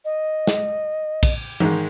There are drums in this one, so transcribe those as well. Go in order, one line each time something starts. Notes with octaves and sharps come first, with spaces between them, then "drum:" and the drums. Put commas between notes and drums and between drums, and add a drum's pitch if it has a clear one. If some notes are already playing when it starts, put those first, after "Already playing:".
D#5
drum: snare
drum: kick A#1, cymbal
G#2 D#3 G#3, drum: tom E3